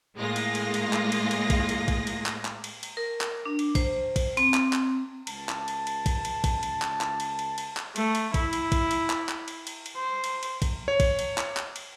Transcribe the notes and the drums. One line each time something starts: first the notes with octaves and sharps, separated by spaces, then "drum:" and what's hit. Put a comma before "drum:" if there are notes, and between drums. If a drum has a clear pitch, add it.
A2 G#3 A#3 F4 A#6
drum: cymbal
drum: cymbal
drum: cymbal
drum: clap
drum: cymbal
drum: cymbal
drum: kick, cymbal
drum: cymbal
drum: kick, cymbal
drum: cymbal
drum: clap
drum: clap
drum: cymbal
drum: cymbal
A#4
drum: clap
D4
drum: cymbal
C5, drum: kick, cymbal
drum: kick, cymbal
C4, drum: cymbal
drum: clap
drum: clap
C#2 A5, drum: cymbal
drum: clap
drum: cymbal
drum: cymbal
drum: kick, cymbal
drum: cymbal
drum: kick, cymbal
drum: cymbal
drum: clap
drum: clap
drum: cymbal
drum: cymbal
drum: cymbal
drum: clap
A3, drum: cymbal
drum: cymbal
E4, drum: kick, cymbal
drum: cymbal
drum: kick, cymbal
drum: cymbal
drum: clap
drum: clap
drum: cymbal
drum: cymbal
drum: cymbal
C5
drum: cymbal
drum: cymbal
drum: kick, cymbal
C#5
drum: kick, cymbal
drum: cymbal
drum: clap
drum: clap
drum: cymbal